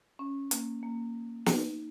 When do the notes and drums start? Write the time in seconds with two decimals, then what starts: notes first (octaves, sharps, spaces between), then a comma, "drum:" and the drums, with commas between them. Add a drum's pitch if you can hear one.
0.19 C#4
0.51 A#3, drum: hi-hat
0.83 A#3
1.46 D#4, drum: snare